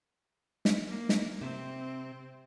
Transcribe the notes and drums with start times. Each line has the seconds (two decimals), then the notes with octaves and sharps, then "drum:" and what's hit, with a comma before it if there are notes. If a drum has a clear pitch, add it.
0.65 drum: snare
0.87 A#3
1.09 drum: snare
1.41 C3 C4